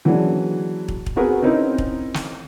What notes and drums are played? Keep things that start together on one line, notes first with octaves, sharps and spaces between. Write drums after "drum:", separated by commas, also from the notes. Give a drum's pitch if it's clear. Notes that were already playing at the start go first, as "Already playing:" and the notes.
E3 F#3 G#3 A#3 C#4 D4
drum: kick
drum: kick
B3 C4 F#4 G#4 A#4 B4
C4 C#4 D#4 E4 A#4
drum: kick
drum: snare